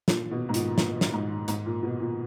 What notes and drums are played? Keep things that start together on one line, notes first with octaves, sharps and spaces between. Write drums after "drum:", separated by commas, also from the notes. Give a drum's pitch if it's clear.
A#2, drum: snare
B2
G#2
A#2, drum: hi-hat
A#2, drum: snare
drum: snare
G#2
G#2, drum: hi-hat
A#2
B2
A#2